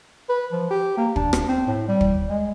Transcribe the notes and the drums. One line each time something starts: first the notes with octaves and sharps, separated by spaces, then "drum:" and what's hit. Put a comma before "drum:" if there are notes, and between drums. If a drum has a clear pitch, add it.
B4
F3
G4
A#3
D4, drum: kick
drum: rim click
C4
A2
G3
drum: kick
G#3